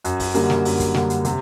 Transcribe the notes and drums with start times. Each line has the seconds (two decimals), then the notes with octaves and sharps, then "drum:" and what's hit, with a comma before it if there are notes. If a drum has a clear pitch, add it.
0.04 F#2, drum: hi-hat
0.20 drum: kick, open hi-hat
0.34 D3 G3 A#3, drum: hi-hat
0.50 drum: snare
0.65 F#2, drum: open hi-hat
0.80 drum: kick, hi-hat
0.94 D3 G3 A#3, drum: snare
1.10 drum: hi-hat
1.25 C3, drum: hi-hat